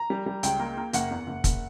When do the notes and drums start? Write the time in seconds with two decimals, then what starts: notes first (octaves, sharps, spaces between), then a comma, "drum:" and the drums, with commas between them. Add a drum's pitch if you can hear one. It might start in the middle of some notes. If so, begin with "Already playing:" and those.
Already playing: A#5
0.10 G3
0.26 G3
0.43 C#2 G5, drum: hi-hat
0.59 A#3
0.77 A#3
0.93 F#1 F#5, drum: hi-hat
1.11 E2
1.27 F#1
1.44 F#1, drum: kick, hi-hat